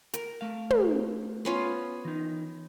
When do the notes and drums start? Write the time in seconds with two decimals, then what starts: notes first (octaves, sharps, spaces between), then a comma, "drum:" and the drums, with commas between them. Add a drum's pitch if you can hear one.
0.14 A#4, drum: hi-hat
0.41 A3 F5
0.70 drum: tom
1.45 B3 C#4 F4
2.05 E3 D#4